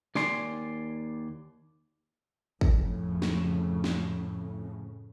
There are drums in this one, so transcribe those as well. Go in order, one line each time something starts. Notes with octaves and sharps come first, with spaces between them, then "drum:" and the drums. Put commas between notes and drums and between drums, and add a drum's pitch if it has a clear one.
D#2 D5 G#5 C6, drum: snare
F2 A2 C#3, drum: kick
drum: snare
drum: snare